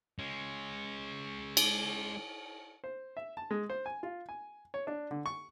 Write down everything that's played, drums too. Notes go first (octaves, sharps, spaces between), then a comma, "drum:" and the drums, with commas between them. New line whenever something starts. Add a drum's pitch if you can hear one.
G#3 C#4
drum: cymbal
C5
E5
A5
G#3
C5
G#5
F4
G#5
C#5
D4
D3
C#6